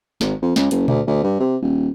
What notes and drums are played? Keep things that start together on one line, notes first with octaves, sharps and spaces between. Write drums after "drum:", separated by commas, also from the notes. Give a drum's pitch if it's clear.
G#1, drum: snare
F2
C#2, drum: snare
F#1, drum: hi-hat
D2, drum: tom A#2
D2
G2
C3
D#1